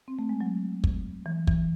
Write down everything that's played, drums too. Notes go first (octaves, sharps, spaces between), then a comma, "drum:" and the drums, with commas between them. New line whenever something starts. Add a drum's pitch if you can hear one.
C4
A3
G#3
F#3
drum: kick
E3
E3, drum: kick